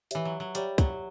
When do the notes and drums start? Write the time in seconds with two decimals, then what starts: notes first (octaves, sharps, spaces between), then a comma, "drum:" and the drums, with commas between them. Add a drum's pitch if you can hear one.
0.11 E3 G4 C#5 E5, drum: hi-hat
0.25 F#3
0.40 F#3
0.55 G3 G4 C#5 E5, drum: hi-hat
0.78 F#3, drum: kick, hi-hat